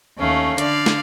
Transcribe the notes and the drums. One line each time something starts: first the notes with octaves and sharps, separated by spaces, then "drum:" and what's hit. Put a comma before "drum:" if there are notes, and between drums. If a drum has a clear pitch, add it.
D#2 A3 C#4 F5
D3 D5 F5, drum: hi-hat
drum: snare